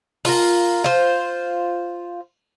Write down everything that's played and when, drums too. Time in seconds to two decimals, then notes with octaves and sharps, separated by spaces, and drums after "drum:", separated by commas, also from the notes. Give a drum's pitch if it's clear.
0.25 F4 A#4, drum: open hi-hat
0.84 F4 C5